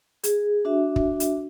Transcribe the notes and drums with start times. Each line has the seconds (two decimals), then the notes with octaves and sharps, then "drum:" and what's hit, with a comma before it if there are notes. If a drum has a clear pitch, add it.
0.24 G#4, drum: hi-hat
0.65 D4 F#4 E5
0.96 drum: kick
1.20 drum: hi-hat